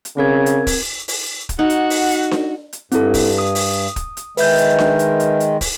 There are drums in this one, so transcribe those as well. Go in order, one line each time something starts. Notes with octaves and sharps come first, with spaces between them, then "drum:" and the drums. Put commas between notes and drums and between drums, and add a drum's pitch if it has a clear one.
drum: hi-hat
C#3 C4 A#4 G#6
drum: hi-hat
drum: kick, open hi-hat
drum: open hi-hat
drum: kick, hi-hat
D#4 F#4 F#5
drum: hi-hat
drum: open hi-hat
drum: hi-hat
drum: snare D4
drum: hi-hat
G2 C4 E4 A4, drum: hi-hat
drum: kick, open hi-hat
D#6
drum: open hi-hat
drum: kick, hi-hat
drum: hi-hat
D#3 G#3 B4 E5 G6, drum: open hi-hat
drum: hi-hat
drum: snare D4
drum: hi-hat
drum: hi-hat
drum: hi-hat
drum: kick, open hi-hat